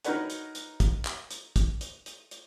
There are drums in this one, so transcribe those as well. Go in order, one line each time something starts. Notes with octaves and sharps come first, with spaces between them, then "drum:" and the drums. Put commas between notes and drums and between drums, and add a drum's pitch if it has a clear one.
D#4 F#4 A#4 B4 C#5 F#5, drum: hi-hat
drum: hi-hat
drum: hi-hat
drum: kick, hi-hat
drum: clap
drum: hi-hat
drum: kick, hi-hat
drum: hi-hat
drum: hi-hat
drum: hi-hat